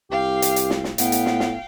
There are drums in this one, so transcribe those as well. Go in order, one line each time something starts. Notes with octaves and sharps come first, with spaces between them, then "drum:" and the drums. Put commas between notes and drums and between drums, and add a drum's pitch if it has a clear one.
C2 G4 F5 G5
drum: hi-hat
drum: hi-hat
drum: snare
drum: snare
A2 B3 F5 G5, drum: hi-hat
drum: hi-hat
drum: snare
drum: snare